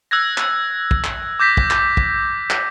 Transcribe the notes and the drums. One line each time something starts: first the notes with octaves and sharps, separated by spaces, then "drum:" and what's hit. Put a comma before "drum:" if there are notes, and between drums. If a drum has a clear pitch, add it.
E6 F#6 G#6 A#6
drum: clap
drum: kick
drum: clap
D6 G6 A#6 B6
drum: kick
drum: clap
drum: kick
drum: clap